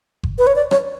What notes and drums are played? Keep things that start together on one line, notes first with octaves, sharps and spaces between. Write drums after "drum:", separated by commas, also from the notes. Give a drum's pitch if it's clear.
drum: kick G1
B4
C#5
D5
C#5, drum: rim click